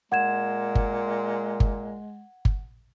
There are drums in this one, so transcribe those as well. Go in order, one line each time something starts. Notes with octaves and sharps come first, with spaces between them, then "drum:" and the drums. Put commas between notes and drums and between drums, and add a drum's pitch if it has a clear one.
A#2 G#3 F#5 G#6 E7
drum: kick G1
drum: kick G1
drum: kick G1